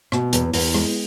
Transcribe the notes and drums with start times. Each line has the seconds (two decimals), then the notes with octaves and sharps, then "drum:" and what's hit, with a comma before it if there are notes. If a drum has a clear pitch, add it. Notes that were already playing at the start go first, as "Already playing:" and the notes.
0.12 B2, drum: rim click
0.33 E2, drum: hi-hat
0.53 E2, drum: open hi-hat
0.74 G#3, drum: rim click